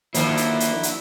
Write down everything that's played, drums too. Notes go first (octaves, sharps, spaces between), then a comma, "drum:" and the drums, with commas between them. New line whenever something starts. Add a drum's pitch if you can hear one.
D3 D#3 F3 F#3 A#3 E4, drum: hi-hat
drum: hi-hat
drum: hi-hat
drum: hi-hat